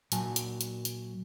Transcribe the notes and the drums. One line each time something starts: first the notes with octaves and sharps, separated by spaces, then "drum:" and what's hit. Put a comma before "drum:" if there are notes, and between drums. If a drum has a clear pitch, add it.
A#2 F#3 F#4 G#5 A5, drum: hi-hat
drum: hi-hat
drum: hi-hat
drum: hi-hat